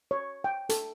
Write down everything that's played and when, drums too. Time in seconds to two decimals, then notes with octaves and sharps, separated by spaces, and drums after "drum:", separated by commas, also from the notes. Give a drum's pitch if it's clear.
0.11 C#5
0.44 G5
0.69 A4, drum: hi-hat